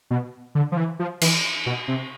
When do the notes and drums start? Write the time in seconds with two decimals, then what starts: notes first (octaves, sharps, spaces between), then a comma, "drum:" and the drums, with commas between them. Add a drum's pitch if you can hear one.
0.11 B2
0.55 D3
0.72 F3
0.77 E3
0.99 F3
1.21 E3, drum: cymbal
1.66 B2
1.88 C3